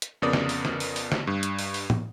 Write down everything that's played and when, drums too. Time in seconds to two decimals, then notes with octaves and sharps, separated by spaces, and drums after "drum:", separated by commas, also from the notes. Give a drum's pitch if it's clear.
0.02 drum: hi-hat
0.22 F2 C#3 B3 A#4 D5 D#6
0.33 drum: snare
0.49 drum: open hi-hat
0.65 drum: snare
0.80 drum: open hi-hat
0.96 drum: open hi-hat
1.12 drum: snare
1.27 G2
1.43 drum: hi-hat
1.59 drum: open hi-hat
1.74 drum: open hi-hat
1.90 drum: tom